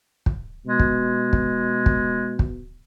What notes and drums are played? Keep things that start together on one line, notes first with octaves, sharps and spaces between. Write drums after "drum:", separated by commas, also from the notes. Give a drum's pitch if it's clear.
drum: kick
B2 G#3
drum: kick
drum: kick
drum: kick
drum: kick